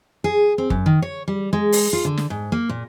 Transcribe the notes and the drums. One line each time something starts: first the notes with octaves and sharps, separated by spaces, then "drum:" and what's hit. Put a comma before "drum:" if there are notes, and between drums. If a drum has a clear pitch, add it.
G#4
C4
F#2, drum: kick G1
D#3
C#5
G3
G#3
drum: open hi-hat
F4
D3
drum: snare
G#2
A#3
A#2